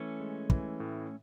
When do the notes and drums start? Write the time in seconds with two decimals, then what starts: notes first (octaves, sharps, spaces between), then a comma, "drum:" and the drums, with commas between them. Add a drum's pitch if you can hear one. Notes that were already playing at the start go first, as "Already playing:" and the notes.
Already playing: E3 A3 C#4
0.20 G#3
0.50 E3, drum: kick
0.80 A2